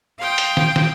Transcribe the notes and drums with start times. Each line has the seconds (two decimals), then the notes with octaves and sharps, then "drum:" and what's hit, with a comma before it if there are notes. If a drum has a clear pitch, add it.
0.19 F5 G5 C6 D#6
0.38 drum: hi-hat
0.57 drum: snare
0.76 drum: snare